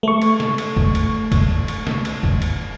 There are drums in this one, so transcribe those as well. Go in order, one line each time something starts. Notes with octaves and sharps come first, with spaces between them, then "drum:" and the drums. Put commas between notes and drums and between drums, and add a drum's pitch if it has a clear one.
A3 C#6
drum: cymbal
drum: snare
drum: cymbal
drum: kick
drum: cymbal
drum: kick, cymbal
drum: cymbal
drum: snare
drum: cymbal
drum: kick
drum: cymbal